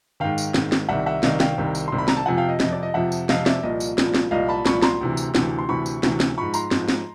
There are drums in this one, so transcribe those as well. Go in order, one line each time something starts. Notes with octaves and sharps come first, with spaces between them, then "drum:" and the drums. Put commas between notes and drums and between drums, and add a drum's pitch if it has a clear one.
G#2 D#3 F5 G5
drum: tambourine
G#2 D#3, drum: snare
drum: snare
C2 C3 D#3 E5 F#5
E5 F#5
C2 C3 D#3 D#5 F5, drum: snare
F5 G5, drum: snare
C2 C3 D#3
drum: tambourine
C2 C3 D#3 C6
B5
A#5, drum: snare
A5
F2 C3 F3 F#5 G#5
F5 G5
D#5
F2 C3 F3 D#5, drum: snare
D5
D#5
F2 C3 F3 E5 F#5
drum: tambourine
F2 C3 F3 D#5 F5, drum: snare
D5 E5, drum: snare
C2 A#2 F3 D#5
drum: tambourine
C2 A#2 F3, drum: snare
drum: snare
C2 A#2 F3 D#5 F5
A5 B5
C2 A#2 F3 B5 C#6, drum: snare
A#5 C6, drum: snare
D2 C3 E3
drum: tambourine
D2 C3 E3, drum: snare
C6
D2 C3 E3 B5 C#6
drum: tambourine
D2 C3 E3, drum: snare
drum: snare
G#2 F3 B5 C#6
A#5 C6, drum: tambourine
G#2 F3, drum: snare
drum: snare